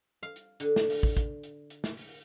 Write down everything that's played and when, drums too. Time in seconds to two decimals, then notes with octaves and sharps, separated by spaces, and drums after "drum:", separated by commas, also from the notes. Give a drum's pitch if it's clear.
0.23 F5
0.36 drum: hi-hat
0.60 D3, drum: hi-hat
0.76 drum: snare
0.90 drum: open hi-hat
1.03 drum: kick
1.17 drum: kick, hi-hat
1.43 drum: hi-hat
1.70 drum: hi-hat
1.84 drum: snare
1.97 drum: open hi-hat